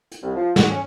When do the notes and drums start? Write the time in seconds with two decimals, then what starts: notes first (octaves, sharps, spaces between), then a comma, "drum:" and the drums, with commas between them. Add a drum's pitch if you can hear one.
0.12 drum: hi-hat
0.22 C2
0.35 F3
0.56 F#4, drum: snare
0.69 C#4